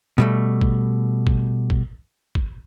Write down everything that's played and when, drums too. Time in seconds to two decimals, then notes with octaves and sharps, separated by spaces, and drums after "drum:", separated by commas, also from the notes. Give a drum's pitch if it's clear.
0.18 B2 G3 A3
0.61 drum: kick
1.27 drum: kick
1.70 drum: kick
2.35 drum: kick